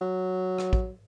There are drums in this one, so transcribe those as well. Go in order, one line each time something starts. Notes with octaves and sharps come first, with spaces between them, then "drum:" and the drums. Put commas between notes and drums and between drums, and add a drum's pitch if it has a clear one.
F#3
drum: rim click
drum: kick